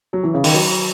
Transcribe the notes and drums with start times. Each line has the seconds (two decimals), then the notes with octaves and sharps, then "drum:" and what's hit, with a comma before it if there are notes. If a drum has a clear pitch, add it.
0.13 F#3
0.23 E3
0.34 C#3
0.44 D#3, drum: open hi-hat
0.54 F#3